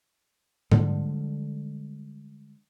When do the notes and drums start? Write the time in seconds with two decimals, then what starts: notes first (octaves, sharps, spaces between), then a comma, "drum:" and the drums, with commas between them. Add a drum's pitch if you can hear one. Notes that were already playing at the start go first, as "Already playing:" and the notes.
0.72 D3 F3 G3 G#3, drum: tom G#2